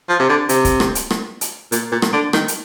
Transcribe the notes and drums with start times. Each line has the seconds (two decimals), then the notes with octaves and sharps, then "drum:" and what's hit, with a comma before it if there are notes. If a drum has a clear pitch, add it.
0.09 F3
0.20 C3
0.29 D3
0.49 C3, drum: hi-hat
0.65 drum: kick, hi-hat
0.80 drum: rim click
0.95 drum: hi-hat
1.10 drum: rim click
1.41 drum: hi-hat
1.72 A#2, drum: hi-hat
1.92 A#2
2.02 drum: rim click
2.13 D3
2.33 D#3, drum: rim click
2.48 drum: hi-hat